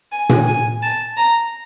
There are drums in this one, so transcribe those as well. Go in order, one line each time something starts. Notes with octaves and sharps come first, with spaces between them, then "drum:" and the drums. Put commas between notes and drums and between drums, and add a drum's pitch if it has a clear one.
G#5
drum: tom A#2
G#5
A5
A#5